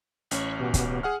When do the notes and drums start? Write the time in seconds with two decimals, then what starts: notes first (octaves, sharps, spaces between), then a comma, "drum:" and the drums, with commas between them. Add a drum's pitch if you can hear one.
0.31 A1 C#4 B5 C#6, drum: hi-hat
0.59 B2 B3 G4
0.74 drum: kick, hi-hat
1.03 G#4 F#5 F6